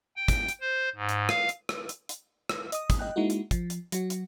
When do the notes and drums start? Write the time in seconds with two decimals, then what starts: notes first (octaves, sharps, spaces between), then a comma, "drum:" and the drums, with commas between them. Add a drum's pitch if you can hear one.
0.16 G5
0.28 drum: kick, hi-hat
0.49 drum: hi-hat
0.60 C5
0.95 G#2
1.09 drum: hi-hat
1.29 F5, drum: rim click
1.49 drum: hi-hat
1.69 drum: rim click
1.89 drum: hi-hat
2.09 drum: hi-hat
2.49 drum: rim click
2.72 D#5 D#6, drum: hi-hat
2.90 drum: kick, hi-hat
2.99 D#5 G5 F#6
3.16 G#3 A#3 D#4 E4 F#4
3.30 drum: hi-hat
3.51 F3, drum: kick, hi-hat
3.70 drum: hi-hat
3.92 F#3 F#4, drum: hi-hat
4.10 drum: hi-hat